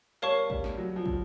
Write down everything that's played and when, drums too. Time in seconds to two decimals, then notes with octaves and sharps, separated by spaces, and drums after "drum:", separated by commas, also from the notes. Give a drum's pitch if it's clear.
0.22 G3 A#4 C#5 F5 A5 C#6
0.50 G3, drum: kick
0.64 drum: snare
0.78 F#3
0.96 F3
1.06 drum: kick